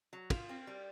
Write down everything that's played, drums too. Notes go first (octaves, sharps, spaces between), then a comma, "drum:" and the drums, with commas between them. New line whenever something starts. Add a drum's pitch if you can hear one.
F#3
F4, drum: kick, cymbal
C4
G3